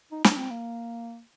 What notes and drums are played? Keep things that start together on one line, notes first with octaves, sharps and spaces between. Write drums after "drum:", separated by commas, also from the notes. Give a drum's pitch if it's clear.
D#4
D4, drum: snare
C4
A#3